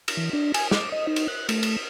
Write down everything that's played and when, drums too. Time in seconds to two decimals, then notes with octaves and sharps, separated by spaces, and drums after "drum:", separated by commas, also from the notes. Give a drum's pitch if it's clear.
0.08 drum: cymbal
0.17 E3
0.33 D4
0.54 G#5, drum: cymbal
0.71 D6, drum: snare
0.92 D#5
1.07 D#4
1.16 drum: cymbal
1.28 F#6
1.49 A3, drum: cymbal
1.63 drum: cymbal